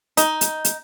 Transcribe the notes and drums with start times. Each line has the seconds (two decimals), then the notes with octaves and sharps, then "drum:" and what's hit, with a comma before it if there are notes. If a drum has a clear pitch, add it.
0.17 D#4, drum: hi-hat
0.41 drum: hi-hat
0.65 drum: hi-hat